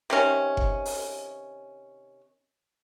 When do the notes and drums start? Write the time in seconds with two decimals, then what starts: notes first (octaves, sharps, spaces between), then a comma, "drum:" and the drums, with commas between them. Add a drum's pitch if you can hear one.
0.10 C3 D#3 C#4
0.57 drum: kick F#1
0.85 drum: open hi-hat